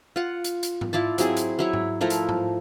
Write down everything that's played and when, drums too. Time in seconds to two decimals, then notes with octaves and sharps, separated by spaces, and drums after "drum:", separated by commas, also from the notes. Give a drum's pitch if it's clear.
0.16 F4 F#5
0.44 drum: hi-hat
0.63 drum: hi-hat
0.81 drum: tom G#2
0.93 E4 F4 D5 A5
1.18 F#3 C4 E4 G#4, drum: hi-hat
1.37 drum: hi-hat
1.59 F#3 E4 C#5
1.73 drum: tom G#2
2.01 F3 A3 E4 A#4
2.10 drum: hi-hat
2.29 drum: tom G#2